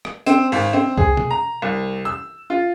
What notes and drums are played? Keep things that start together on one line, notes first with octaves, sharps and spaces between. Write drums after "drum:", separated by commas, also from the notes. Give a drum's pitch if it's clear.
drum: rim click
C4, drum: tambourine
G#1, drum: open hi-hat
C4
G#4, drum: kick C2
drum: tom B2
A#5
C2
E6
F4